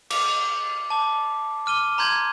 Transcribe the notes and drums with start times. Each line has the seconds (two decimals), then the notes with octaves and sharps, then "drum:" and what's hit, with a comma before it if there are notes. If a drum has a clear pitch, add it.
0.10 D6, drum: cymbal
0.90 A5 D6
1.66 D6 F6 D#7 G7
1.98 A#5 C6 G6 G#6